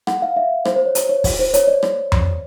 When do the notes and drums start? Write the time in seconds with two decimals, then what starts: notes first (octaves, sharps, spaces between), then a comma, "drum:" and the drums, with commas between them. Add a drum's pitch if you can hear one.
0.07 F#5, drum: rim click
0.22 F5
0.36 E5
0.65 C5, drum: rim click
0.76 C5
0.85 C#5
0.95 C5, drum: hi-hat
1.09 C#5
1.24 drum: kick, open hi-hat
1.39 C5
1.54 C#5, drum: hi-hat
1.67 D5
1.83 drum: rim click
2.12 drum: tom F2